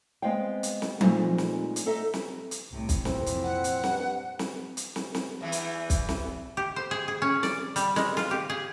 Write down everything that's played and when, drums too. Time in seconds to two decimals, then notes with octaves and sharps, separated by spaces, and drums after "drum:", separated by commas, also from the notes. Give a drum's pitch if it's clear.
0.22 G#3 B3 C4 F5 G5
0.63 drum: hi-hat
0.82 drum: snare
1.01 A#2 G#3 A3 C4 D#4 F4, drum: tom F3
1.38 drum: snare
1.76 drum: hi-hat
1.86 D#4 A4 D#5 E5
2.14 drum: snare
2.51 drum: hi-hat
2.70 C2 A2 C3
2.89 drum: kick, hi-hat
3.05 F2 A#2 E3 C4, drum: snare
3.26 drum: hi-hat
3.43 F#5
3.64 drum: hi-hat
3.84 G2, drum: snare
4.39 drum: snare
4.77 drum: hi-hat
4.96 drum: snare
5.15 drum: snare
5.41 E2 E3 B3
5.52 drum: hi-hat
5.90 drum: kick, hi-hat
6.09 drum: snare
6.57 G4
6.76 C5
6.91 G#4
7.08 G#4
7.22 C#4
7.43 D5, drum: snare
7.76 G3, drum: hi-hat
7.96 G#3, drum: snare
8.17 F4, drum: snare
8.31 G4
8.50 G#4